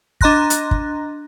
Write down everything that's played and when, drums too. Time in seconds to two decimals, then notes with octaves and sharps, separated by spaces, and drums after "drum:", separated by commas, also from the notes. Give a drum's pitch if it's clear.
0.21 D4 D#5 A#5 C6 F#6 A#6, drum: kick
0.50 drum: hi-hat
0.71 drum: kick